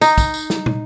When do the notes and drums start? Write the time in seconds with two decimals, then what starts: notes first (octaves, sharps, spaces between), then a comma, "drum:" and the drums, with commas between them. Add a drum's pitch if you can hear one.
0.01 D#4, drum: tambourine
0.18 drum: kick, tambourine
0.34 drum: tambourine
0.50 drum: snare
0.66 drum: tom